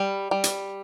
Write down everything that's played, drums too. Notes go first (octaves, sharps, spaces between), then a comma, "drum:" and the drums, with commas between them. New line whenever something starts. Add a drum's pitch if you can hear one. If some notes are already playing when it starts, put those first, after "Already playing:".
Already playing: G3
G3
drum: hi-hat